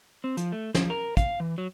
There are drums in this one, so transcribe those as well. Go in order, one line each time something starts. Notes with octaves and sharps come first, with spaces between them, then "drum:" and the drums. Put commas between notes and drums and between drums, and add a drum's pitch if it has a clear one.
C4
F3, drum: hi-hat
A3
F3, drum: snare
A#4
F5, drum: kick, hi-hat
E3
F#3